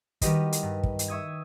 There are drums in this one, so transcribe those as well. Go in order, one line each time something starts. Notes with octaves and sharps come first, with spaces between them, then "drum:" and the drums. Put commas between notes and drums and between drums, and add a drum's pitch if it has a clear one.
D#3 G3 F#4 G4 B4 D#5, drum: kick, hi-hat
drum: hi-hat
G2
drum: kick
drum: hi-hat
E5 C#6 D#6 G#6